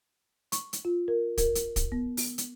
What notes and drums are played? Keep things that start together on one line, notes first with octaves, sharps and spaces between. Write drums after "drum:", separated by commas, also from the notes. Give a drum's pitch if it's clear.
C#6, drum: hi-hat
drum: hi-hat
F4
A#4
A#4, drum: kick, hi-hat
drum: hi-hat
drum: kick, hi-hat
B3
drum: open hi-hat
drum: hi-hat